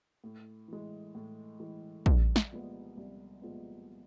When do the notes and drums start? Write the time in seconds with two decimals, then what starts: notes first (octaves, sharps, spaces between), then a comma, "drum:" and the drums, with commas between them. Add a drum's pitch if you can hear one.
0.24 A2
0.68 E3 G#3
1.15 A2
1.60 E3 G#3
2.06 C2, drum: kick
2.36 drum: snare
2.51 A#2 F3 G#3 B3
2.97 C2
3.42 A#2 F3 G#3 B3